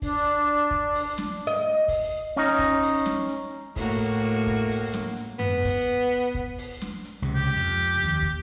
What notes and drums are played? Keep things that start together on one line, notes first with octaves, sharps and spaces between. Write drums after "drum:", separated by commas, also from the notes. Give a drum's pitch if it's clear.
D4, drum: kick, open hi-hat
drum: hi-hat
drum: kick
drum: open hi-hat
drum: snare
D#5
drum: kick, open hi-hat
C#4 D#4, drum: hi-hat
drum: kick
drum: open hi-hat
drum: snare
drum: hi-hat
A2 A#3 F#4, drum: kick, open hi-hat
drum: hi-hat
drum: kick
drum: open hi-hat
drum: snare
drum: hi-hat
B3, drum: tom F#2
drum: kick, open hi-hat
drum: hi-hat
drum: kick
drum: open hi-hat
drum: snare
drum: hi-hat
C#2 C3
G4
F2
D#2
drum: kick